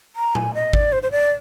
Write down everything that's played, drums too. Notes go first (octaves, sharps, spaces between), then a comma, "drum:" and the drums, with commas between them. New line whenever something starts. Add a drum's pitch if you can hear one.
A#5
G#5, drum: tom A#2
D#5
D5, drum: kick G#1
C5
C5
D5